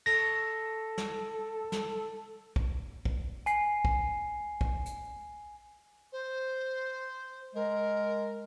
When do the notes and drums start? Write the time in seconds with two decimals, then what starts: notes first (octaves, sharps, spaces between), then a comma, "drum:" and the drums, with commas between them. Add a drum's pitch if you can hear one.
0.06 A4 A#6, drum: cymbal
0.98 drum: snare
1.72 drum: snare
2.56 drum: kick
3.05 drum: kick
3.46 G#5 C7, drum: hi-hat
3.85 drum: kick
4.61 drum: kick
4.86 drum: hi-hat
6.12 C5
7.55 G#3 A#4